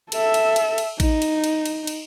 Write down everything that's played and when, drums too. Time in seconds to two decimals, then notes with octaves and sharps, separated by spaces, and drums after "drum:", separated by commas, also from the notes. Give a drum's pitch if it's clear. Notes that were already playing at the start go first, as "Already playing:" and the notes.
0.12 A4 E5, drum: cymbal
0.34 drum: cymbal
0.56 drum: cymbal
0.78 drum: cymbal
1.00 D#4, drum: kick A1, cymbal
1.22 drum: cymbal
1.44 drum: cymbal
1.66 drum: cymbal
1.87 drum: cymbal